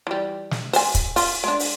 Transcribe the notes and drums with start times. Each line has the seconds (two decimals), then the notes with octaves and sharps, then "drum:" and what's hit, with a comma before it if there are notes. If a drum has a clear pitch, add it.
0.07 E3 G3
0.51 drum: snare
0.73 C5 G#5, drum: open hi-hat
0.95 drum: kick, hi-hat
1.16 F4, drum: open hi-hat
1.44 G#3 D4
1.59 drum: open hi-hat